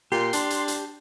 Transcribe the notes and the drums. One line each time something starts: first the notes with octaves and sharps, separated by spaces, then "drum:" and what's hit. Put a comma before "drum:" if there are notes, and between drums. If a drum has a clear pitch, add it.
A#2 G4 C6
D4, drum: hi-hat
drum: hi-hat
drum: hi-hat